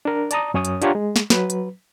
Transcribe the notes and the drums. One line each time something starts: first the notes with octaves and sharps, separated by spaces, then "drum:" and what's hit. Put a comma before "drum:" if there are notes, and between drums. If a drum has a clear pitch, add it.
D4 A#4
D5 A5 A#5 D#6, drum: hi-hat
F#2 C#4 C#5 D#6
drum: hi-hat
D4 F4 G4 C#5 F#5 A#5, drum: hi-hat
G#3
drum: snare
F#3 B4, drum: snare
drum: hi-hat